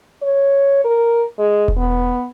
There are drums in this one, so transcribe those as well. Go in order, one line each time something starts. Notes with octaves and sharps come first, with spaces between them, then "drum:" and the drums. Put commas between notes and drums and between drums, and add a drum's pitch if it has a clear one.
C#5
A#4
G#3
drum: kick E1
B3